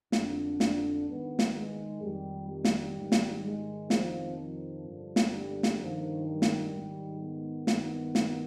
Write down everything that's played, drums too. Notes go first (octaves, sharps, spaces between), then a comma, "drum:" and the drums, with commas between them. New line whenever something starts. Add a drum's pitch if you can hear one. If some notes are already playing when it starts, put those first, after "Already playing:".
F2 D3 D4, drum: snare
drum: snare
G#2 D#3 B3
drum: snare
G#3
F2 D#3 G3
G3
drum: snare
G#2 D#3
drum: snare
G#3
F2 C3 D#3 F3, drum: snare
F3
G2 D3
drum: snare
G3
drum: snare
G2 D#3 F3
G3
drum: snare
G#2 D#3
B3
G2 D#3, drum: snare
drum: snare